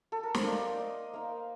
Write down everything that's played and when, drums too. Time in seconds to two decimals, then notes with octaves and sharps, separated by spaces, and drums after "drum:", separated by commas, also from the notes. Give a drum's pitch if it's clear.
0.12 A4
0.23 A#4
0.34 C5, drum: snare
0.46 A#3 D#4 D5
0.80 D#5
1.13 A#3 D#4 F5